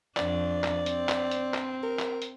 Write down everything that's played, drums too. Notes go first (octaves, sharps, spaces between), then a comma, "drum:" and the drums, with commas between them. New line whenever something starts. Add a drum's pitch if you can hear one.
F2 D4 D5, drum: clap
drum: clap
C4, drum: hi-hat
drum: clap
drum: hi-hat
drum: clap
A#4
drum: clap
drum: hi-hat